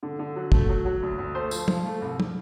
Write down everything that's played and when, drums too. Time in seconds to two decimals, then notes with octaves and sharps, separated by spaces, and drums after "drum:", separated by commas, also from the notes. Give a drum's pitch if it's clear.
0.03 D3
0.19 D3
0.36 F#3
0.52 A3, drum: kick
0.69 F#3
0.85 F#3
1.02 D2
1.18 D2
1.35 A3 C5
1.51 F3, drum: tambourine
1.68 F3, drum: tom
1.85 A3
2.01 C2
2.20 drum: tom